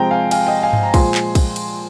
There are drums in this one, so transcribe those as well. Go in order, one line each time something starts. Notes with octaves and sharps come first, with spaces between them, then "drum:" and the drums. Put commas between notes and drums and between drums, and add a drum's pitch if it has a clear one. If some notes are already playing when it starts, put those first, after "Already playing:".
Already playing: C3 F3 G#3 G5 A#5
F5 G#5
F5 G#5, drum: cymbal
D#5 G5
F5 G#5
drum: tom G2
A#5
A#2 F3 G#3 G#5 C6, drum: kick, cymbal
drum: clap
drum: kick, cymbal
drum: cymbal